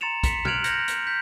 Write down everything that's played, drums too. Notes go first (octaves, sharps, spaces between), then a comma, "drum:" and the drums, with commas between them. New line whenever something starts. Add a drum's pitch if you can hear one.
A#5 C6 A6 C#7 E7 F7
C6 B6 C#7, drum: kick, hi-hat
F6 F#6 G#6 D7 F7 F#7, drum: tom
G6 G#6 A#6 C#7, drum: hi-hat
drum: hi-hat
G6 B6